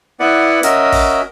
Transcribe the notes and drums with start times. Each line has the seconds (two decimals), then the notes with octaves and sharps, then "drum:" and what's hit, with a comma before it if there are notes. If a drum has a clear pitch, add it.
0.20 B3 E4 B4 D5 F#5
0.63 C#4 F#4 A#4 D#5 E5, drum: hi-hat
0.92 drum: kick, open hi-hat